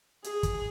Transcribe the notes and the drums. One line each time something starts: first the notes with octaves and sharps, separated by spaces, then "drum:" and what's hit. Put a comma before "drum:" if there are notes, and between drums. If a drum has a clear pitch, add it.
G#4, drum: hi-hat
drum: kick, hi-hat